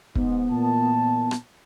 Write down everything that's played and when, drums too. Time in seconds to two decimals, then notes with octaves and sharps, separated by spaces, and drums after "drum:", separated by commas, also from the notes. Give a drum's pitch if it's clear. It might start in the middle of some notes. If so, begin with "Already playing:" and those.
0.15 G#2 B3, drum: kick
0.51 A#2 E3 A5
1.31 drum: rim click